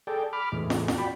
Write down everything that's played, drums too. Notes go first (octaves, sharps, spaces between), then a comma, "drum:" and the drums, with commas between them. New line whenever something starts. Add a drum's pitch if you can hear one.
G#4 A4 D5 G5
B5 D6 F6
E2 A2 G#3
drum: snare
drum: snare
F#4 D5 G5 B5